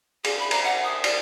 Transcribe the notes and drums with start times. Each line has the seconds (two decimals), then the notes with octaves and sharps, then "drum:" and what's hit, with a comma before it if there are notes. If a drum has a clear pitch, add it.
0.24 G#4, drum: cymbal
0.39 B5
0.51 A#5, drum: cymbal
0.64 F#5
0.84 D#6
1.04 D5, drum: cymbal